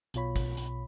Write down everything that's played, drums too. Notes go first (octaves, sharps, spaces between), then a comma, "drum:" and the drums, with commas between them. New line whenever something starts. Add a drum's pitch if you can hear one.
B1 B2 F4 C#5 B5, drum: hi-hat
drum: kick, hi-hat
drum: hi-hat